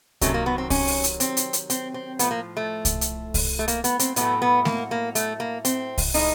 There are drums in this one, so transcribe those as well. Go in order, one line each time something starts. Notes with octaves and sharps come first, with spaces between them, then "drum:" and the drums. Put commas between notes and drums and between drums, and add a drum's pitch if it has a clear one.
C3 D#3 F#3 A3 C#4, drum: kick C2, hi-hat
A#3
B3
C4
C#4, drum: kick C2, open hi-hat
drum: open hi-hat
drum: hi-hat
C4, drum: hi-hat
drum: hi-hat
drum: hi-hat
C4, drum: hi-hat
C4
A2 F3 A3 B3, drum: hi-hat
A#3
A3
drum: kick C2, hi-hat
drum: hi-hat
drum: kick C2, open hi-hat
A3
A#3, drum: hi-hat
B3, drum: hi-hat
C4, drum: hi-hat
A2 F#3 A3 B3, drum: hi-hat
B3
A#3, drum: snare A3
A#3
A3, drum: hi-hat
A#3
C4, drum: hi-hat
drum: kick C2, open hi-hat
A2 E3 G#3 D#4, drum: open hi-hat